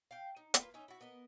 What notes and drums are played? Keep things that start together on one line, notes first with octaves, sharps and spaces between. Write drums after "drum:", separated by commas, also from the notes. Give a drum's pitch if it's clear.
F5 G5
D#4
A#3 F4 B4, drum: hi-hat
C#4 D#4 E5
E4 F#4
B3 A#4 D#5